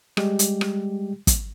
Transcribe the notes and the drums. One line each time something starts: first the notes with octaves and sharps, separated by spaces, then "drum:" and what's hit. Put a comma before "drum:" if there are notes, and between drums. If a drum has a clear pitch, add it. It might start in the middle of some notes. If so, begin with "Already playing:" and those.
G3 G#3 G4, drum: rim click
drum: hi-hat
drum: rim click
drum: kick, hi-hat